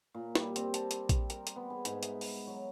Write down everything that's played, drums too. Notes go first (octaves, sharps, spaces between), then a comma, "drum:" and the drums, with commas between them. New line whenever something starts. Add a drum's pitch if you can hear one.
A#2
G3, drum: snare
C4, drum: hi-hat
A5, drum: hi-hat
drum: hi-hat
drum: kick A#1, hi-hat
A#4, drum: hi-hat
drum: hi-hat
B3
G#4
G#2, drum: hi-hat
E5, drum: hi-hat
drum: open hi-hat
F#3